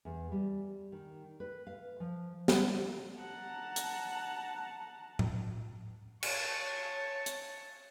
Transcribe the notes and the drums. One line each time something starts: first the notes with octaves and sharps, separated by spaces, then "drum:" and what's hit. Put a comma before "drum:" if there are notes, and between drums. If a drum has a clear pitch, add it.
E2
G3
D#3
B4
F5
F3
G3, drum: snare
F#5 A5 A#5
drum: hi-hat
drum: tom A2
C#5 A5, drum: cymbal
drum: hi-hat